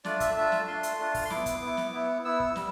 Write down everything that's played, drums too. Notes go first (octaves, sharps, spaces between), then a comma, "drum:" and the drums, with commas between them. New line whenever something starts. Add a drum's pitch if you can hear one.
A3 D4 F4 D5, drum: snare
E5, drum: kick, hi-hat
A3 D4 F4 E5
drum: snare
A3 D4 F4 C6
drum: hi-hat
A3 D4 F4
drum: kick, open hi-hat
C6
B3 E4 D6, drum: snare
drum: kick, hi-hat
B3 E4
drum: snare
B3 E4
B3 E4 E6
drum: kick
G3, drum: snare